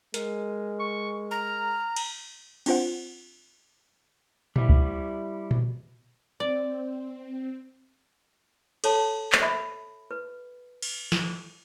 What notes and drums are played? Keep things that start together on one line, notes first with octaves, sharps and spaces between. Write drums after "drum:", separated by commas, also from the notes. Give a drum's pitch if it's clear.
G#3 A#4, drum: hi-hat
C#6
A#5 F6
drum: cymbal
C4 D4 F4 C5 F#5, drum: cymbal
G3 E4, drum: tom A#2
drum: kick C#2
drum: tom A#2
C4 D5
A4 C#5 A5, drum: cymbal
drum: clap
E5 B5
B4
drum: cymbal
drum: snare